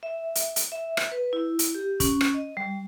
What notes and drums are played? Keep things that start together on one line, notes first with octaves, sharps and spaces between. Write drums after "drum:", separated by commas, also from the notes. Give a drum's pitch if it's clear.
E5
drum: hi-hat
drum: hi-hat
E5
drum: rim click
B4
E4
drum: hi-hat
G4
C#4, drum: kick, hi-hat
drum: rim click
D#5
G3